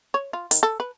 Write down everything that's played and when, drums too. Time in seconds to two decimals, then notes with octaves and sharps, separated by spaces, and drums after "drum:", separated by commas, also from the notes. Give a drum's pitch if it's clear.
0.14 C#5
0.33 F4
0.51 D#3, drum: hi-hat
0.63 A4
0.80 B4